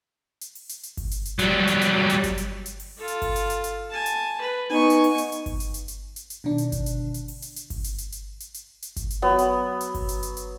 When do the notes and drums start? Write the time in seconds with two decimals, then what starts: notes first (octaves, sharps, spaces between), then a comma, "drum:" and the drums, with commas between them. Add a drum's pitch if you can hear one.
0.41 drum: hi-hat
0.55 drum: open hi-hat
0.69 drum: hi-hat
0.83 drum: hi-hat
0.97 drum: kick G1, open hi-hat
1.11 drum: hi-hat
1.25 drum: hi-hat
1.39 F#3 G3, drum: hi-hat
1.67 drum: hi-hat
1.81 drum: hi-hat
2.10 drum: hi-hat
2.24 drum: kick G1, hi-hat
2.38 drum: hi-hat
2.66 drum: hi-hat
2.80 drum: open hi-hat
2.98 F4 A4
3.08 drum: hi-hat
3.22 drum: kick G1, open hi-hat
3.36 drum: hi-hat
3.50 drum: hi-hat
3.64 drum: hi-hat
3.90 G#5 A5
4.06 drum: hi-hat
4.41 B4
4.70 B3 D#4 G#5 C#6
4.90 drum: hi-hat
5.04 drum: open hi-hat
5.18 drum: hi-hat
5.32 drum: hi-hat
5.46 drum: kick G1, open hi-hat
5.60 drum: hi-hat
5.74 drum: hi-hat
5.88 drum: hi-hat
6.16 drum: hi-hat
6.30 drum: hi-hat
6.44 B2 D3 D#3 D4
6.58 drum: hi-hat
6.72 drum: kick G1, hi-hat
6.86 drum: hi-hat
7.14 drum: hi-hat
7.28 drum: open hi-hat
7.42 drum: hi-hat
7.56 drum: hi-hat
7.70 drum: kick G1, open hi-hat
7.84 drum: hi-hat
7.98 drum: hi-hat
8.12 drum: hi-hat
8.40 drum: hi-hat
8.54 drum: hi-hat
8.82 drum: hi-hat
8.96 drum: kick G1, hi-hat
9.10 drum: hi-hat
9.22 F#3 B3
9.38 drum: hi-hat
9.81 drum: hi-hat
9.95 drum: kick G1, open hi-hat
10.09 drum: hi-hat
10.23 drum: hi-hat
10.37 drum: hi-hat